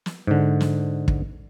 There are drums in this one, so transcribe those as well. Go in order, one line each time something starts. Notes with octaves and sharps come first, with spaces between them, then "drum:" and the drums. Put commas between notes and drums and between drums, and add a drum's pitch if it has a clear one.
drum: snare
G#2 D3
drum: snare
drum: kick